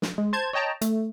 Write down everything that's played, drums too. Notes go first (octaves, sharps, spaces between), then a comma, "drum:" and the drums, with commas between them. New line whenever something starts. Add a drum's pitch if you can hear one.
drum: snare
G#3
C5 A5 G#6
C#5 D#5 G5 A5 A#5
A3, drum: hi-hat